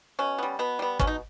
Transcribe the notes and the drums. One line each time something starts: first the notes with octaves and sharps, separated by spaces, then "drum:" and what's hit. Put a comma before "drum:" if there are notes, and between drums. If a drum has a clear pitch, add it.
B2 C#4
G3 B3
B2 B3
G3 B3
B2 C#4, drum: kick
D#4